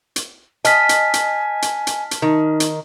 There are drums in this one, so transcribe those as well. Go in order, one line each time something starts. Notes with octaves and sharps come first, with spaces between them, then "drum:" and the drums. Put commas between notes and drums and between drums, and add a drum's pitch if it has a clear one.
drum: hi-hat
D#5 G#5 A5 F6 B6, drum: hi-hat
drum: hi-hat
drum: hi-hat
drum: hi-hat
drum: hi-hat
drum: hi-hat
D#3 D#4
drum: hi-hat